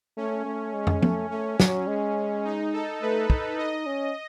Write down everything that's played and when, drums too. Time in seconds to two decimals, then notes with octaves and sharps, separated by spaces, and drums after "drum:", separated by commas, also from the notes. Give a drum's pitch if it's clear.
0.17 A3 C#4
0.45 A3
0.74 G#3
0.87 drum: tom
1.03 A3, drum: tom F3
1.30 A3 C#4
1.60 F#3, drum: snare
1.88 G#3
2.45 D#4
2.73 A4
3.02 A3 B4
3.30 D#4, drum: kick
3.59 D#4 D#5
3.86 C#4